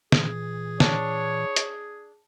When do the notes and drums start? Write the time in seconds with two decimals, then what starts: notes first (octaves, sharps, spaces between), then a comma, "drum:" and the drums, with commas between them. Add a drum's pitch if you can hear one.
0.12 A#2 E3 G#4, drum: snare
0.80 D4 C#5, drum: snare
1.56 drum: hi-hat